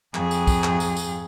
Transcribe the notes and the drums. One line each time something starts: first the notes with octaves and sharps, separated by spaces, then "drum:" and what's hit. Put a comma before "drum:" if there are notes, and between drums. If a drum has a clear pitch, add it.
F2 G#4, drum: clap
drum: tambourine
drum: kick, tambourine
drum: clap
drum: tambourine
drum: tambourine